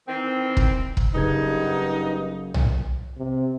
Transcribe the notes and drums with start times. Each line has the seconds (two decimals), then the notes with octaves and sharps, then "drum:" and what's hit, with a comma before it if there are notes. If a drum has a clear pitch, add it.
0.08 D#3 E3 C4
0.57 drum: kick
0.97 drum: kick
1.15 F#1 G2 B3 D#4 G#6
2.54 drum: tom
3.18 C3